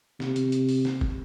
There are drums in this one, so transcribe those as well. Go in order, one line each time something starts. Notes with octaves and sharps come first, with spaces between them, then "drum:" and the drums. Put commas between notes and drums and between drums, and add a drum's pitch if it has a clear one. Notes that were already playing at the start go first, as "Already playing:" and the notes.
C3, drum: snare
drum: hi-hat
drum: hi-hat
drum: open hi-hat
drum: snare
drum: kick